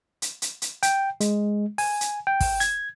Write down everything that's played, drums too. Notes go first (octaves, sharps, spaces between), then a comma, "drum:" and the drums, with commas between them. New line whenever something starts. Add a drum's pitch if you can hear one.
drum: hi-hat
drum: hi-hat
drum: hi-hat
G5, drum: hi-hat
G#3, drum: hi-hat
G#5, drum: open hi-hat
drum: hi-hat
G5
drum: kick, open hi-hat
G#6, drum: hi-hat